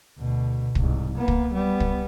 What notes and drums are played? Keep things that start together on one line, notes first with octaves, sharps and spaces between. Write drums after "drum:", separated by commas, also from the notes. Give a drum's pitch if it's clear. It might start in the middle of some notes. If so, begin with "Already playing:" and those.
D2 B2
C2 G#2, drum: kick
A#3 B3
drum: kick
G3 B3
drum: kick